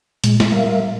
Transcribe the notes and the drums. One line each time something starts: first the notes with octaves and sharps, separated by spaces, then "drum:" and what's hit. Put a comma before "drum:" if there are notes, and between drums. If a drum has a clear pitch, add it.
A#2 G#3, drum: hi-hat
drum: snare
G3 A#4 E5 F5